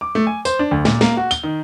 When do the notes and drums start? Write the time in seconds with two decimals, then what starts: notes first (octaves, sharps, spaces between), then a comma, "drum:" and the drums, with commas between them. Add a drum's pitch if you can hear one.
0.01 D6
0.15 A3
0.27 G#5
0.45 C5, drum: tambourine
0.59 D4
0.71 D2
0.85 A#2, drum: snare
1.01 A#3, drum: snare
1.17 F#4
1.31 G7, drum: tambourine
1.43 D#3